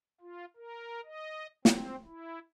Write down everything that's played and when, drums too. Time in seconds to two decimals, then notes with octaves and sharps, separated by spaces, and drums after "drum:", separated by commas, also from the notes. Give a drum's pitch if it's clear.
0.21 F4
0.57 A#4
1.05 D#5
1.65 C4, drum: snare
2.05 E4